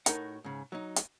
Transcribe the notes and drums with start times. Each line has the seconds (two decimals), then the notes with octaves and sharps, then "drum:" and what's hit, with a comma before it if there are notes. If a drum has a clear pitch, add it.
0.06 A2 D#4 F#4 A#4 F#5, drum: hi-hat
0.44 G#2 C#3
0.72 F#3 D#4
0.96 drum: hi-hat